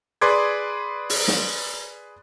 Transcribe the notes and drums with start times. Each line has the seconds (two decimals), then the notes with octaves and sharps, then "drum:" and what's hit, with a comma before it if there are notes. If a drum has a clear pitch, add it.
0.21 G#4 B4 D5 C6 D6 G#6
1.10 drum: open hi-hat
1.28 drum: snare